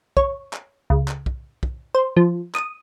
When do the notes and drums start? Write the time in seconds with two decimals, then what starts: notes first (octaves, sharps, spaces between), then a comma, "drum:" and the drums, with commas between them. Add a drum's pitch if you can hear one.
0.17 C#5, drum: kick
0.53 drum: clap
0.90 C#2
1.08 drum: clap
1.26 drum: kick
1.63 drum: kick
1.95 C5
2.16 F3
2.55 D#6, drum: clap